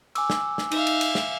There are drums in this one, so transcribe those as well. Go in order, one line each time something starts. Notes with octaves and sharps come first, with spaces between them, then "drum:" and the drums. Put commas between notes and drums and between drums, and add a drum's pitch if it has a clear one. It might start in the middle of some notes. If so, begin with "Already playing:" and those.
G#5 D6 E6, drum: cymbal
drum: snare
drum: snare
D#4 E5 F5, drum: cymbal
drum: cymbal
drum: cymbal
drum: snare